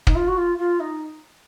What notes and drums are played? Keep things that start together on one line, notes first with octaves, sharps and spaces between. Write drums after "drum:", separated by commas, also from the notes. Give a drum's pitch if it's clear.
D#4, drum: kick
F4
F#4
F4
F4
D#4